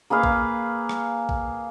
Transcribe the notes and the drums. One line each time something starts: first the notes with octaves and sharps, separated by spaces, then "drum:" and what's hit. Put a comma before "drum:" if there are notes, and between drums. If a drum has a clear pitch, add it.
A#3 G#4 B4 F5
drum: kick A#1
drum: rim click
drum: kick A#1